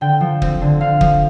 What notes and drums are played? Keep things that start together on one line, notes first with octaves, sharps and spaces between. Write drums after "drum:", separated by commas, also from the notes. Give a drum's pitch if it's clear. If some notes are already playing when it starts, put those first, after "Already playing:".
D3 G5
F3
C4, drum: kick
D3
D3 F5
F3, drum: kick